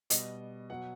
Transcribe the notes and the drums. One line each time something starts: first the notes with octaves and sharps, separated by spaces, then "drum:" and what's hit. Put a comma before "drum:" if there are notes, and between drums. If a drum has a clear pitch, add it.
B2 G3 D#5, drum: hi-hat
B2 F#3 F#5